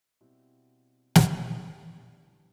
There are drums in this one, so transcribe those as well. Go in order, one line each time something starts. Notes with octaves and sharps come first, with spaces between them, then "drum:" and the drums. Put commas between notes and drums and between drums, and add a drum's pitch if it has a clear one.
B2 G3 C4 E4
drum: snare
G2 E3 G3 B3